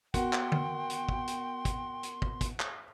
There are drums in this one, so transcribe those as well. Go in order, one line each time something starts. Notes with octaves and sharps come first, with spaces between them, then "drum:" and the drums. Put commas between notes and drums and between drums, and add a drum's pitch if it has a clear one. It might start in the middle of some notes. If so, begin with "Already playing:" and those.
B3 F#4 A#4 G5 C6, drum: kick, hi-hat
drum: clap
drum: tom D3
drum: hi-hat
drum: kick
drum: hi-hat
drum: kick, hi-hat
drum: hi-hat
drum: kick
drum: kick, hi-hat
drum: clap